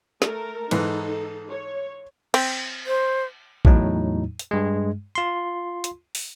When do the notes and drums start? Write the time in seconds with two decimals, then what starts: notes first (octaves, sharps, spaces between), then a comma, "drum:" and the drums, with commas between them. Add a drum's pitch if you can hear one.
0.22 A3 A4 A#4, drum: snare
0.71 G#2 E3 D#4 A4 B4, drum: cymbal
1.50 C#5
2.34 C4, drum: cymbal
2.86 C5
3.65 E2 A2 F#3 D#4, drum: kick
4.39 drum: hi-hat
4.51 G2 G#3
5.15 F4 C6
5.84 drum: hi-hat
6.15 drum: open hi-hat